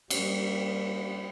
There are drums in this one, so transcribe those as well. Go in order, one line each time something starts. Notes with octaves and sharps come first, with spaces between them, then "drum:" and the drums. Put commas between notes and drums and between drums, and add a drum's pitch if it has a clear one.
G3 A#3, drum: cymbal